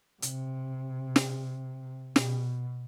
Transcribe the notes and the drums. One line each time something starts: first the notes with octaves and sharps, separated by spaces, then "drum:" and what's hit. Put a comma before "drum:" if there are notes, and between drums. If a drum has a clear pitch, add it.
C3, drum: hi-hat
drum: snare
B2, drum: snare